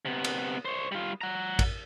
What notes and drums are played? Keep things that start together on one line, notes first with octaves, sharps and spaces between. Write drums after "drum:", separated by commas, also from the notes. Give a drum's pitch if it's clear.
C3 B3
drum: cymbal
C5 C#5
G3 F4
F#5 A#5
drum: kick A1, cymbal